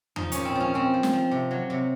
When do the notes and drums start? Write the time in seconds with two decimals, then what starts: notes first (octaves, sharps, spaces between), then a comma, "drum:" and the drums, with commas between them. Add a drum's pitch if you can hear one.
0.16 F3 D#4, drum: tom E2
0.32 A#2 C#4, drum: hi-hat
0.45 C4
0.55 F3 C#4
0.74 F3 C4
0.94 F3
1.03 drum: snare
1.13 F3
1.31 C3
1.51 F#3
1.70 C3